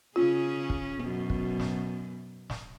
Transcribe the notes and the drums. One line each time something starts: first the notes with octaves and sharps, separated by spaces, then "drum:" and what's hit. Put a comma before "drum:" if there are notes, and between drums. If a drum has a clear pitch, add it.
C#3 C#4 F4 G#4
drum: kick
F#2 B2
drum: kick
drum: snare
drum: snare